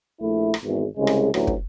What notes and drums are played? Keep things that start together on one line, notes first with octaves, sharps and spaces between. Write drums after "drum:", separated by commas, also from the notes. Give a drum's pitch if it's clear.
A#1 A3 E4
drum: rim click
G#1 E2
C2 C#3 G#3
drum: rim click
A1 D2 E3 F#3, drum: rim click
drum: kick